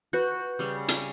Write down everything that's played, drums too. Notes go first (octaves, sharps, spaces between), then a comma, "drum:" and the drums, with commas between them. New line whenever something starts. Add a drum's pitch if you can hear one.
F#4 B4 G6
C#3 G3
drum: hi-hat